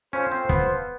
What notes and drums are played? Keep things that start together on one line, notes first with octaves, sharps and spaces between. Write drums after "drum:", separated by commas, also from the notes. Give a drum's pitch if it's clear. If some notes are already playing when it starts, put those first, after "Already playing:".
C#4 F4 A4 C5
C4
B3, drum: kick